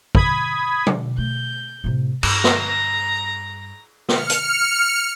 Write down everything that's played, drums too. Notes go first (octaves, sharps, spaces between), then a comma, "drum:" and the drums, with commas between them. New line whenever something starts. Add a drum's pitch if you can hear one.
B5 D#6 G#6 B6, drum: kick
drum: tom B2
A3 G6
A2 C3
G2 A#5 A#6, drum: cymbal
drum: snare
F6 C#7, drum: snare
drum: hi-hat